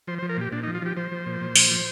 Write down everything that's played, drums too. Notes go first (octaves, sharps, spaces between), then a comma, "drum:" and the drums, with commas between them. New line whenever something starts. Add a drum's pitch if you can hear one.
F3 C5
C5
F3
A#4
A#2 G4
A#2 D4
D#4
F3
F4
F3 G4
F3 C5
F3
A#2
A#2
F3, drum: open hi-hat
F3